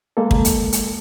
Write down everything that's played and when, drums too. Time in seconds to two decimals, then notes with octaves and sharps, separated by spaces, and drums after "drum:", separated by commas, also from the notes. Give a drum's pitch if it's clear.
0.17 G#3 A#3 A4
0.31 drum: kick
0.45 drum: hi-hat
0.72 drum: hi-hat